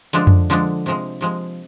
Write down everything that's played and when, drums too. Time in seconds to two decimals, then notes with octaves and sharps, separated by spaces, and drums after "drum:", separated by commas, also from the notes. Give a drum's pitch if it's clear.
0.13 D3 F3 G#3 D4, drum: hi-hat
0.27 drum: tom F2
0.50 D3 F3 G#3 D4
0.86 C3 F3 G#3
1.21 C3 F3 G#3